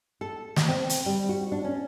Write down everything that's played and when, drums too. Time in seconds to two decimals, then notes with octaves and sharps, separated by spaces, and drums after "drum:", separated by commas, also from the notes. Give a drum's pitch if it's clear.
0.21 A4
0.56 drum: snare
0.68 C4
0.90 drum: hi-hat
1.06 G3
1.29 F#4
1.52 D4
1.64 C#4